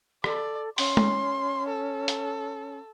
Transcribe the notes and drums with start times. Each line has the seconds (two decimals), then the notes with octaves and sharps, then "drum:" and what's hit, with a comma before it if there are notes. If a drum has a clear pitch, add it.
0.24 A4 D5, drum: rim click
0.78 C#4 C6, drum: open hi-hat
0.97 drum: tom G#3
1.69 A4
2.08 drum: hi-hat